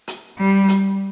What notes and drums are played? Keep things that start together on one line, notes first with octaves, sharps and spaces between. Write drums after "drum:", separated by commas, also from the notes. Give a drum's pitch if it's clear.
drum: hi-hat
G3
drum: hi-hat